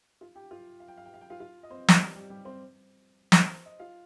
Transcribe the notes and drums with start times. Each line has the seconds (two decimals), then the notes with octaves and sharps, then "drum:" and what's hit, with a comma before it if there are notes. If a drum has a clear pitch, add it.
0.21 F4 F5
0.35 G4 G5
0.51 F4 F5
0.80 F5
0.88 G5
0.97 F5
1.05 G5
1.14 F5
1.21 G5
1.30 F4 F5
1.40 F4 F5
1.63 D#5
1.70 C4 C5
1.88 drum: snare
2.00 G3 G4
2.16 G3 G4
2.30 G3 G4
2.45 C4 C5
3.32 drum: snare
3.51 C5
3.66 D#5
3.80 F4 F5